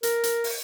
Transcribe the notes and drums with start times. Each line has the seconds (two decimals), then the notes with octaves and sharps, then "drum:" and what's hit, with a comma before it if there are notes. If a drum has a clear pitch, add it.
0.03 A#4, drum: hi-hat
0.23 drum: hi-hat
0.44 drum: open hi-hat